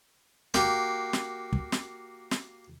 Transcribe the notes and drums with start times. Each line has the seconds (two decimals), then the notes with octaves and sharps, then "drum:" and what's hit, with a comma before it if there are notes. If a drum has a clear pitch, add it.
0.54 A#3 F#4 G4, drum: snare
1.13 drum: snare
1.53 drum: kick
1.72 drum: snare
2.31 drum: snare